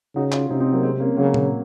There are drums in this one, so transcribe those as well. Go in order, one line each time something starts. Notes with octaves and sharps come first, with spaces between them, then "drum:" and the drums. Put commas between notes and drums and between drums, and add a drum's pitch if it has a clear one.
C#3 D#4 F#4
C#4 F4, drum: clap
C3 C4 D#4
C4 D#4
F#3 A#3
G#3 C4
A#3 C#4
C#3 F#3 A#3
drum: tom A#2